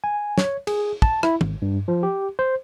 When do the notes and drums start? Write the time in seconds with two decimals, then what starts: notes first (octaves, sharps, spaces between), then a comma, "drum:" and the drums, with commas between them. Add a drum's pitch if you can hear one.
0.04 G#5
0.38 C#5, drum: snare
0.67 G#4, drum: cymbal
1.02 A5, drum: kick
1.23 E4, drum: rim click
1.41 G#1, drum: tom
1.62 G2
1.88 F3
2.03 G4
2.39 C5